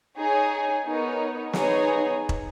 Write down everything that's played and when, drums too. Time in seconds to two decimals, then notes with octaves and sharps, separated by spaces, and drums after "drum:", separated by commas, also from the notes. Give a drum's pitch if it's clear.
0.17 D#4 G#4 C#5 G#5
0.85 B3 D#4 A#4 C#5
1.53 B3 D#4 G#4 C#5 G#5, drum: snare
2.29 drum: kick